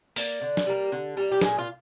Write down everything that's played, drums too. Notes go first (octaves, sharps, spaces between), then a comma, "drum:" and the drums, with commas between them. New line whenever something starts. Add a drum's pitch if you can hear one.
A#3 D5, drum: open hi-hat
D3
drum: snare
G3 A#3
D3
G3 A#3
G4
A#2 G#4, drum: snare
F4